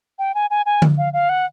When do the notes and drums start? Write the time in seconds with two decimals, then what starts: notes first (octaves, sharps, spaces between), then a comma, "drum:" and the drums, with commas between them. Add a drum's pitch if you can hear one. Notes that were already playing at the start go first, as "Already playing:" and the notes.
0.19 G5
0.35 G#5
0.50 G#5
0.66 G#5
0.82 drum: tom D3
0.98 F5
1.13 F5
1.29 F#5